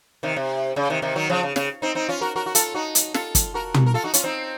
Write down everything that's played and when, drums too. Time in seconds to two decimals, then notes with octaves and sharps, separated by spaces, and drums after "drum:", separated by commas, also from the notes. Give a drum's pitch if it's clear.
0.23 C3 D#3
0.36 C3
0.76 C#3
0.90 C3 D#3
1.02 C3 D#3
1.15 D#3 F#3
1.29 C#3 F3
1.43 C#3
1.56 C#3, drum: snare
1.82 C4 D#4
1.95 C4 D#4
2.09 C#4 F4
2.21 F#4 A#4
2.36 F#4 A#4
2.46 F#4
2.55 F4 A4, drum: hi-hat
2.74 D#4 F#4
2.95 drum: hi-hat
3.14 F4 A4, drum: snare
3.35 drum: kick, hi-hat
3.54 F#4 A#4
3.74 drum: tom
3.86 A#4
3.94 F4 A4
4.04 D#4 F#4
4.14 C#4 F4, drum: hi-hat
4.24 C4 D#4